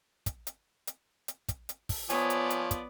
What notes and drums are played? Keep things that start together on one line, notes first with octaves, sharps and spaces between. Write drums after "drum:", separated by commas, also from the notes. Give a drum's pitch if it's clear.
drum: kick, hi-hat
drum: hi-hat
drum: hi-hat
drum: hi-hat
drum: kick, hi-hat
drum: hi-hat
drum: kick, open hi-hat
F3 B3 C#5 D5 G#5, drum: hi-hat
drum: hi-hat
drum: hi-hat
drum: kick, hi-hat